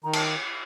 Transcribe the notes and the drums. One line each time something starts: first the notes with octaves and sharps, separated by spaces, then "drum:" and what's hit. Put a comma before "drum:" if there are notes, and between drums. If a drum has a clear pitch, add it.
D#3 A#5
A5, drum: cymbal